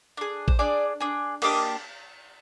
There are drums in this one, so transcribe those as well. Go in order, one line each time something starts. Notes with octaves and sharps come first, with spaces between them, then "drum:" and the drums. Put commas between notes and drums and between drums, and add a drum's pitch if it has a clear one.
D4 G#4
C5, drum: kick
D4 G#4 D5
D4 G#4
A#3 D4 G4 D#5, drum: cymbal